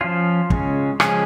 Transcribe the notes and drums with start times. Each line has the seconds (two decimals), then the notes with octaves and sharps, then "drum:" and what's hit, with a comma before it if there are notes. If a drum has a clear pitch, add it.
0.01 F3 C#4 F4
0.50 C#3 G#3 C#4, drum: kick
1.00 C#3 F3 G#3 C#4 G#4, drum: rim click